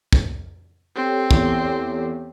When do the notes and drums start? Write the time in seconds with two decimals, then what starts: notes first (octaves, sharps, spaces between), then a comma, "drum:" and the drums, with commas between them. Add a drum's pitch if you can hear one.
0.13 drum: kick
0.96 C4 G4 A4 C#5
1.31 E2, drum: kick